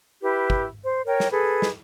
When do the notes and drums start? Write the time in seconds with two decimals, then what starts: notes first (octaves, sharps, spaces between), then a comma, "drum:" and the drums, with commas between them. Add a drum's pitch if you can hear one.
0.22 E4 G4 B4
0.50 drum: kick
0.84 C5
1.06 A#4 C#5 G5
1.20 drum: snare
1.31 G#4 A4 B4
1.62 drum: snare